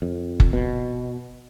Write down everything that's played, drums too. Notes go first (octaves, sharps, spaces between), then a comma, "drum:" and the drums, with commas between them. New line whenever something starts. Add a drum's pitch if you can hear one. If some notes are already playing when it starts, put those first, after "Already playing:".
F2
drum: kick F#1
B2